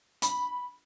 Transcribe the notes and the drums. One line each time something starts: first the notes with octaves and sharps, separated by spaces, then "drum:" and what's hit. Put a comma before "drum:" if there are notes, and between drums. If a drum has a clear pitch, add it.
B5, drum: hi-hat